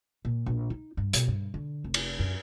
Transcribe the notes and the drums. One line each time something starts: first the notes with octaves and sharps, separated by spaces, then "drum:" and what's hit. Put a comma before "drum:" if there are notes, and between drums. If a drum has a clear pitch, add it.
A#2
A#1
D#4
G2
B2, drum: hi-hat
G2
D3
F1
drum: cymbal
F#2